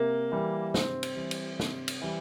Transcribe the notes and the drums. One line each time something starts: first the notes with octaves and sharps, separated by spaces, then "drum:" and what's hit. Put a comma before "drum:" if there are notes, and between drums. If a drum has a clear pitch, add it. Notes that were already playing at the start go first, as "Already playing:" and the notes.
Already playing: C3 A#3
E3 G3
C3 C4, drum: snare
drum: cymbal
E3 G3
drum: cymbal
C3, drum: snare
drum: cymbal
E3 G3